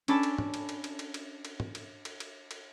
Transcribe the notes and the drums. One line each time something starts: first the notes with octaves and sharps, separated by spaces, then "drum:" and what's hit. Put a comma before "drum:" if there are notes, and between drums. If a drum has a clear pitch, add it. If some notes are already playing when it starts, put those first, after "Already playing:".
C#4 D4 A4 A5 B5, drum: cymbal
drum: cymbal
drum: tom
drum: cymbal
drum: cymbal
drum: cymbal
drum: cymbal
drum: cymbal
drum: cymbal
drum: tom
drum: cymbal
drum: cymbal
drum: cymbal
drum: cymbal